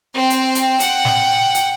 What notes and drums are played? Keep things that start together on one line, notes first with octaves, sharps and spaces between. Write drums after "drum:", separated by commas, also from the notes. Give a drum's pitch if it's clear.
C4 G5
drum: hi-hat
drum: hi-hat
F#5 G5, drum: hi-hat
drum: snare
drum: hi-hat